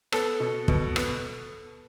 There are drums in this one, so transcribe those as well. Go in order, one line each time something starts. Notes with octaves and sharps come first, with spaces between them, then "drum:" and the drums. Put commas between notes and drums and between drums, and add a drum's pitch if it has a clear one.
B3 A4, drum: rim click
B2
B2, drum: kick
B3, drum: rim click